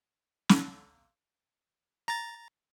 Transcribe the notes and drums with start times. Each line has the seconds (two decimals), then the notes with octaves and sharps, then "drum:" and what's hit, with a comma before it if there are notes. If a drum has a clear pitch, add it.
0.49 drum: snare
2.08 A#5 A6